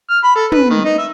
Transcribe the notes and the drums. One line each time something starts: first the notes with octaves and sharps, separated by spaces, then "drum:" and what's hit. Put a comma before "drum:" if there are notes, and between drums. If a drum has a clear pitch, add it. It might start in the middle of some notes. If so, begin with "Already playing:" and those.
F6
B5
A4
B4, drum: tom
D#3
D#4
E5